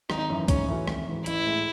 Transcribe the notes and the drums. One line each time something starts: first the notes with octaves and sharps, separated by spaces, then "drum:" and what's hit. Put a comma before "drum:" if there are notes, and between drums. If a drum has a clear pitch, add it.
G#1 D#4, drum: rim click
F#2 E3
G#2 C#4, drum: kick, hi-hat
E3 A3 C#4 F#4
G#1, drum: rim click
G#2 E3
A1 E4, drum: hi-hat
A2 G#3